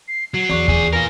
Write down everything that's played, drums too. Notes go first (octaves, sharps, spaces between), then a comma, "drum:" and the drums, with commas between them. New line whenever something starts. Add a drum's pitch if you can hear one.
C7
F#3 C7
E2 D5 C#6 F#6
F3 G#4, drum: kick D#2
F4 A#4 B4 G#5 A#6